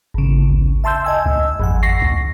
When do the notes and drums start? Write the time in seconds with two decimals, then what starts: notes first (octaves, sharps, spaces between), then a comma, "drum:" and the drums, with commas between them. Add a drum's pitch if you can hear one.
0.14 G#1 C#3
0.50 drum: kick C#2
0.84 E5 A5 C6 E6 G6
1.04 D#5 G#5 E6
1.26 drum: kick C#2
1.60 G#1 F2 F#5
1.83 C#6 A#6 C7
2.02 drum: kick C#2